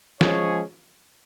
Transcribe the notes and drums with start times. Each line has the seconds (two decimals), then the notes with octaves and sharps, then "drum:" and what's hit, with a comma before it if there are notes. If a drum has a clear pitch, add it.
0.21 F3 G#3 C#4 G#4 C#5, drum: snare